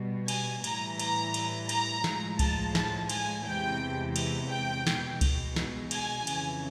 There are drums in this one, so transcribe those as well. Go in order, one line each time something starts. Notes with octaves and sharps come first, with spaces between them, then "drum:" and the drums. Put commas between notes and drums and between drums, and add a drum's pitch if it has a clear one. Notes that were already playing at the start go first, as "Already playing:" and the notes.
Already playing: B2 G3
G#5, drum: cymbal
A2 E3 G3 A#5, drum: cymbal
A#5, drum: cymbal
drum: cymbal
A#5, drum: cymbal
A2 F3 G#3, drum: snare
A5, drum: kick C2, cymbal
A5, drum: snare
G#5, drum: cymbal
E2 C3 E3 G#3 G5
drum: cymbal
G5
B2 G#3, drum: snare
drum: kick C2, cymbal
drum: snare
G#5, drum: cymbal
F2 C#3 E3, drum: cymbal